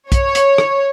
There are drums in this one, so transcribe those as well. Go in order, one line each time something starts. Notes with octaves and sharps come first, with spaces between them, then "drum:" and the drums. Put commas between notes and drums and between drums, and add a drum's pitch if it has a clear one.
C#5, drum: kick, hi-hat
drum: hi-hat
drum: rim click